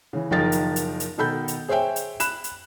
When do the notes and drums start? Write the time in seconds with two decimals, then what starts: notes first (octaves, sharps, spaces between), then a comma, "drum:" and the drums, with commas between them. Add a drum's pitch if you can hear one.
0.13 C#3 E3
0.31 F#1 D#3 F3 D#4 A#4 A6
0.52 drum: hi-hat
0.76 drum: hi-hat
1.00 drum: hi-hat
1.18 B2 D#3 A4 B5 G6
1.48 drum: hi-hat
1.68 G#4 C5 C#5 E5 G5
1.96 drum: hi-hat
2.20 B5 F#6 E7, drum: hi-hat
2.44 drum: hi-hat